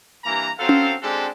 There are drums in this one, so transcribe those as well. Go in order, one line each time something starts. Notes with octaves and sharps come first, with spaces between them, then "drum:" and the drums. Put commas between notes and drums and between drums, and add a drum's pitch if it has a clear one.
G2 E3 A#3 A#5
F#3 C4 A4 C5 F5
drum: tom C#4
G#3 C4 D4 F#4 G4 A4